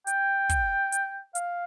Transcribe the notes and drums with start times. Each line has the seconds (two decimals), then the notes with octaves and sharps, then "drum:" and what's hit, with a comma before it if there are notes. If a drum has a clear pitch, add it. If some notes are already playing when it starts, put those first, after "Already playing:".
0.07 G5, drum: hi-hat
0.50 drum: kick, hi-hat
0.92 drum: hi-hat
1.35 F5, drum: hi-hat